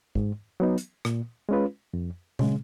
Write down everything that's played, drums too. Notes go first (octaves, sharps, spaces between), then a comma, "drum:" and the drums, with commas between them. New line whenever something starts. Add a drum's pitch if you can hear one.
G#2, drum: kick
F#3 B3 D#4
drum: hi-hat
A#2, drum: rim click
G#3 C#4 F4 B4
F2
C#3 G#3, drum: tom A#2